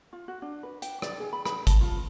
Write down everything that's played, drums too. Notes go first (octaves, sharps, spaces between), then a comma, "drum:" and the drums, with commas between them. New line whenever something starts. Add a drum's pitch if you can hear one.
F4
F#4
D4
B4
G5, drum: hi-hat
D5, drum: rim click
G#4
B5
B5, drum: rim click
A5, drum: kick G#1, hi-hat
F4